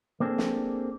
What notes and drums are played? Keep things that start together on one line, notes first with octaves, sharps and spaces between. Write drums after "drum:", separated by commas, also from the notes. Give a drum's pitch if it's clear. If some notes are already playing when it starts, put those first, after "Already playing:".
A#3 C4 D4 G#4 A4
drum: snare